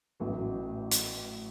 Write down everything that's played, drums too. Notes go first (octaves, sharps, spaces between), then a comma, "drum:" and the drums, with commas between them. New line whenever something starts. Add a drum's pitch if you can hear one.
A1 A2 F#3 B3
drum: hi-hat